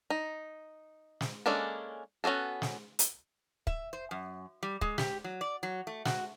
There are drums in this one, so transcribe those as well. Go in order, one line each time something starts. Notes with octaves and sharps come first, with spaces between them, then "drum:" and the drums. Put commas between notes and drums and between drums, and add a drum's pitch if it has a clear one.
D#4
drum: snare
G#3 A#3 C#4 D4 A4
B3 C#4 F#4 G#4 A4
drum: snare
drum: hi-hat
E5, drum: kick
C5
F#2
G3
G#3, drum: kick
G4, drum: snare
F#3
D5
F#3
A3
F#4, drum: snare